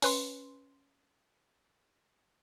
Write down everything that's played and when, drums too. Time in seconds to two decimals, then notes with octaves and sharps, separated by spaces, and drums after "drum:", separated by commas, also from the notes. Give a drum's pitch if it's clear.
0.02 C#4 B4 C6, drum: open hi-hat